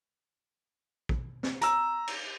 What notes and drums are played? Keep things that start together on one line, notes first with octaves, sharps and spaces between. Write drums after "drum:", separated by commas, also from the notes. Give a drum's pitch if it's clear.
drum: kick
drum: snare
A#5 E6, drum: hi-hat
drum: cymbal